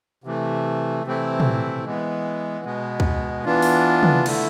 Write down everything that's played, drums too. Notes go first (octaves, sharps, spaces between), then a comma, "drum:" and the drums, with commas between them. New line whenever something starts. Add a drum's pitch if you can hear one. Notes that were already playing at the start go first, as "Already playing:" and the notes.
C3 E3 A3
C3 E3 A3 C4 E4
drum: tom
E3 G#3 B3
B2 G#3 B3
drum: kick C#2
E3 B3 D4 F4
drum: open hi-hat
drum: tom
D3 A3 E4, drum: cymbal